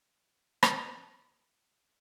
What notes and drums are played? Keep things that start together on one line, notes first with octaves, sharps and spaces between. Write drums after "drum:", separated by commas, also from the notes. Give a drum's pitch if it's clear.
E1 D2 C3 G3
drum: rim click
F1 E2 C3 E3 E6
F6
G6
F6
E2 D3 G3 E6